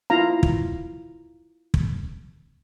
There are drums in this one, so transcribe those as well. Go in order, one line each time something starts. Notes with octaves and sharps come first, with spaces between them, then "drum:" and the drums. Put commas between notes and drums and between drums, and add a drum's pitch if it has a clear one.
E4 F4 F5 A#5
drum: kick
drum: kick